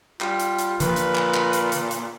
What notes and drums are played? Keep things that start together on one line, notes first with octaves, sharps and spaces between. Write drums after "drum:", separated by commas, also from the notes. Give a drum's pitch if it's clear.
G3 F4, drum: clap
drum: hi-hat
drum: hi-hat
A#2 D3 F3 B4, drum: hi-hat
drum: hi-hat
drum: clap
drum: clap
drum: hi-hat
drum: hi-hat
drum: hi-hat